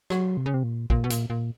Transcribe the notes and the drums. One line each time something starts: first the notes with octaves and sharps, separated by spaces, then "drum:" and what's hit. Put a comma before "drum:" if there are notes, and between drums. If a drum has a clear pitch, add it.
F#3, drum: rim click
C3
C#3
C3
A#2
A#2, drum: kick
B2
A#2, drum: hi-hat
A#2